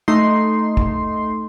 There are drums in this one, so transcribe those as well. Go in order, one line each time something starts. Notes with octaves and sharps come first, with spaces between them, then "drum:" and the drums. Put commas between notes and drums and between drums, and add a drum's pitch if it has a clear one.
A3 D#4 C6
drum: kick